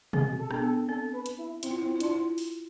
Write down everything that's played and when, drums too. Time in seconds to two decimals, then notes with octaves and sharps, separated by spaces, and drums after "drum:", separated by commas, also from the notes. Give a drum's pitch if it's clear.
0.13 C4 G#4, drum: tom B2
0.39 A4
0.51 B3 D4, drum: rim click
0.57 G#4
0.63 A4
0.89 C4 A4
1.13 B4
1.26 drum: hi-hat
1.38 E4
1.63 C4 E4, drum: hi-hat
1.71 F4
1.79 C4 E4
1.87 F4
1.96 E4
2.00 D4, drum: hi-hat
2.03 F4
2.11 E4
2.38 drum: open hi-hat